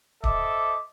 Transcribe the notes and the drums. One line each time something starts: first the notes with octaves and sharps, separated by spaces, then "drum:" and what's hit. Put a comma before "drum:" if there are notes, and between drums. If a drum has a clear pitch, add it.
A4 C5 D#5 E5 D6, drum: kick D1